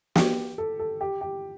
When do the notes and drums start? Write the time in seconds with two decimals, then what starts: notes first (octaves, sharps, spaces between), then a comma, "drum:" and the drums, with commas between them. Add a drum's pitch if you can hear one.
0.16 G4, drum: snare
0.58 A4
0.79 A4
1.01 G4
1.21 G4